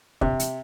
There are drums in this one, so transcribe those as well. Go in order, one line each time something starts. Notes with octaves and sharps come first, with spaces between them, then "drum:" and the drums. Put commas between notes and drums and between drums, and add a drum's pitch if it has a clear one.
C3, drum: kick
drum: hi-hat